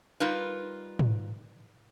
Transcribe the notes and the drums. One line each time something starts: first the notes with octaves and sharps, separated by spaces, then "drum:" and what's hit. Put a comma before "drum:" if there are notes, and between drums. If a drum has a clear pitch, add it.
G3 D#4 F4 A#4 B4
drum: tom